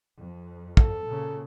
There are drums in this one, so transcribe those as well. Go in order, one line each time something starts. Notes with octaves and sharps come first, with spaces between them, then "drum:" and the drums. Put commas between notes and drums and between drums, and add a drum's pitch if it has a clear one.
F2
A4, drum: kick
A#2 C#3